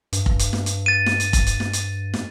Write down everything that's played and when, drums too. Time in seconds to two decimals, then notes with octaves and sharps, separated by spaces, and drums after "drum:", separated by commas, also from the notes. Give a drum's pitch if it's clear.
0.13 G2, drum: hi-hat
0.26 drum: kick F1
0.39 drum: hi-hat
0.53 drum: snare
0.66 drum: hi-hat
0.86 A6 D#7
1.06 drum: snare
1.20 drum: hi-hat
1.33 drum: kick F1, hi-hat
1.47 drum: hi-hat
1.60 drum: snare
1.73 drum: hi-hat
2.14 drum: snare